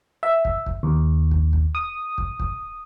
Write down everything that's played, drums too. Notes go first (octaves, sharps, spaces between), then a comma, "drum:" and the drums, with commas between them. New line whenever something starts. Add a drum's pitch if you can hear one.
E5
drum: kick
drum: kick
D#2
drum: kick
drum: kick
D#6
drum: kick
drum: kick